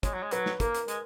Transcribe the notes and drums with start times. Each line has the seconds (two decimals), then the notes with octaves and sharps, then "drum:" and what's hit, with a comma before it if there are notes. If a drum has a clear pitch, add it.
0.03 G#3 C#5, drum: kick, hi-hat
0.13 F#3
0.22 G#3
0.31 F#3 B4, drum: hi-hat
0.46 drum: snare
0.60 A#3 A#4, drum: kick, hi-hat
0.75 drum: hi-hat
0.88 G#3, drum: hi-hat